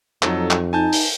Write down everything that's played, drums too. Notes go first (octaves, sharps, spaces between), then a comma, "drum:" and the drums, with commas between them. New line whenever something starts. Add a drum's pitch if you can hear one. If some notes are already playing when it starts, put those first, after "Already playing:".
F2 F#3 D#4 A4, drum: clap
drum: clap
D#4 G#5 A5 G6
drum: open hi-hat